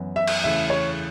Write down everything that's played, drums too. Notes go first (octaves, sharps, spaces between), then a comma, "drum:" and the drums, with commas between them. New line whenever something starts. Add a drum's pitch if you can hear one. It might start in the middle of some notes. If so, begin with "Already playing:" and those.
Already playing: F#2 E3 B3
E5
drum: cymbal
E2 C#3 A3 E4 E5
C#5